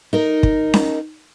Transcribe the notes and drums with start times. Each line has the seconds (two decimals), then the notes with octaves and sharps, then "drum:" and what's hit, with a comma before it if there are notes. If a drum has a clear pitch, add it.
0.13 D#4 A#4
0.43 drum: kick
0.74 drum: snare C#4